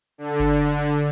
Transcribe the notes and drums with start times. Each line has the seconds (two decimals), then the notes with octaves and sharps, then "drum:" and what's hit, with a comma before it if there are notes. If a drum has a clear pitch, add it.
0.18 D3
0.40 drum: kick G1